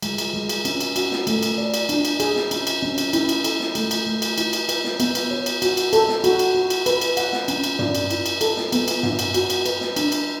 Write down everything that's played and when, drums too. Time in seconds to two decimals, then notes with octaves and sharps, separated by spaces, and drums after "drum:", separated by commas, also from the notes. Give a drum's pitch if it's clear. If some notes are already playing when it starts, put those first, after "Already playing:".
0.02 G#3, drum: cymbal
0.18 drum: cymbal
0.34 G#3
0.49 drum: cymbal
0.65 C#4, drum: cymbal
0.80 drum: cymbal
0.96 F#4, drum: cymbal
1.12 drum: snare
1.27 A3, drum: cymbal
1.43 drum: cymbal
1.58 D5
1.74 drum: cymbal
1.89 D4, drum: cymbal
2.05 drum: cymbal
2.20 G#4, drum: cymbal
2.36 drum: snare
2.51 C#4, drum: cymbal
2.67 drum: cymbal
2.82 C#4
2.98 drum: cymbal
3.13 E4, drum: cymbal
3.29 drum: cymbal
3.44 A4, drum: cymbal
3.60 drum: snare
3.75 A3, drum: cymbal
3.91 drum: cymbal
4.07 A3
4.22 drum: cymbal
4.38 E4, drum: cymbal
4.53 drum: cymbal
4.69 B4, drum: cymbal
4.84 drum: snare
5.00 B3, drum: cymbal
5.15 drum: cymbal
5.31 C#5
5.46 drum: cymbal
5.62 F#4, drum: cymbal
5.77 drum: cymbal
5.93 A4, drum: cymbal
6.08 drum: snare
6.24 F#4, drum: cymbal
6.39 drum: cymbal
6.55 F#4
6.70 drum: cymbal
6.86 B4, drum: cymbal
7.01 drum: cymbal
7.17 F#5, drum: cymbal
7.32 drum: snare
7.48 C#4, drum: cymbal
7.64 drum: cymbal
7.79 D5, drum: tom G2
7.95 drum: cymbal
8.10 E4, drum: cymbal
8.26 drum: cymbal
8.41 A4, drum: cymbal
8.57 drum: snare
8.72 B3, drum: cymbal
8.88 drum: cymbal
9.03 F#5, drum: tom G2
9.19 drum: cymbal
9.34 F#4, drum: cymbal
9.50 drum: cymbal
9.66 B4, drum: cymbal
9.81 drum: snare
9.96 D4, drum: cymbal
10.12 drum: cymbal